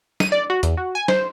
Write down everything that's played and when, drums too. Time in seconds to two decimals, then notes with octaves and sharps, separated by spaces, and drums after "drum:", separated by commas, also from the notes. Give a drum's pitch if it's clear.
0.20 D#7, drum: snare
0.32 D5
0.50 F#4
0.63 E2, drum: hi-hat
0.77 F#4
0.95 G#5
1.08 C5, drum: snare